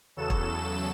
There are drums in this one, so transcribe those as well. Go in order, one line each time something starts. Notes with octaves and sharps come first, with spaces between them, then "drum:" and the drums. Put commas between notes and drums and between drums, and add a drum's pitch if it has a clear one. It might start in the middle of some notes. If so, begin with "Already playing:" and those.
E2 C#3 F#3 A4 E7
drum: kick